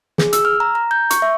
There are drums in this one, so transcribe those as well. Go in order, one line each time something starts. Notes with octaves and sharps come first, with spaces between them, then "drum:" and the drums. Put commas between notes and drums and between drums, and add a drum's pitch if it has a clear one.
G#4, drum: snare
E6, drum: hi-hat
F6
A#5
A#5
G6
C#6, drum: hi-hat
E5